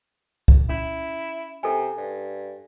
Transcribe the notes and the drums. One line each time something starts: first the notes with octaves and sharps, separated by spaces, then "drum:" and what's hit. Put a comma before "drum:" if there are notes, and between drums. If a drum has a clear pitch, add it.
drum: kick C2
C#4 E4
C3 A4 G#5
G2